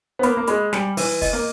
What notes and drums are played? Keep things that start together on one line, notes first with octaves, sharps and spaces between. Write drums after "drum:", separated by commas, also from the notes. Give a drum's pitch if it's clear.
B3
A#3 B5, drum: hi-hat
A#3
G#3 B5, drum: hi-hat
G3 G#5, drum: snare
E3 B4, drum: open hi-hat
D#5, drum: kick, open hi-hat
A#3